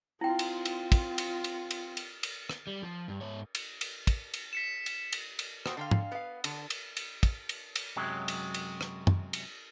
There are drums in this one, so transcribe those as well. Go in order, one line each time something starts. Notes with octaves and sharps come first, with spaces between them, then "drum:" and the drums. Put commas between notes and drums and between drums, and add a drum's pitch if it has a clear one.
C4 E4 F4 G5
drum: cymbal
drum: cymbal
drum: kick, cymbal
drum: cymbal
drum: cymbal
drum: cymbal
drum: cymbal
drum: cymbal
drum: rim click
G3
F3
G2
G#2 C#5
drum: cymbal
drum: cymbal
drum: kick, cymbal
drum: cymbal
B6 C#7 E7
drum: cymbal
drum: cymbal
drum: cymbal
A#2 F#4 C5 G5 D#6 E6, drum: rim click
D3 F5 G5 C6
drum: tom
B3 B4 F5
D3, drum: cymbal
drum: cymbal
drum: cymbal
drum: kick, cymbal
drum: cymbal
drum: cymbal
F#2 C3 F#3 G#3
drum: cymbal
drum: cymbal
drum: rim click
drum: tom
drum: cymbal